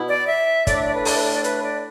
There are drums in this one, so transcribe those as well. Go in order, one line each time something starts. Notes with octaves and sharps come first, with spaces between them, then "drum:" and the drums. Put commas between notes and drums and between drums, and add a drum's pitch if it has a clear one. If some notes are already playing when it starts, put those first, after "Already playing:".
Already playing: B2 B3 E4
D5
E5
A2 A3 D4 D5, drum: kick, hi-hat
E5
D5
B4
A4 D5, drum: open hi-hat
B4
D5
D5
B4, drum: hi-hat
D5